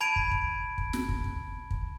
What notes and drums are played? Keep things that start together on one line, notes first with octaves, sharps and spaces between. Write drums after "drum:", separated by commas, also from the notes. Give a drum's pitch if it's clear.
A5 B5 G#6 D7 F7
drum: kick
drum: kick
drum: kick
drum: snare
drum: kick
drum: kick
drum: kick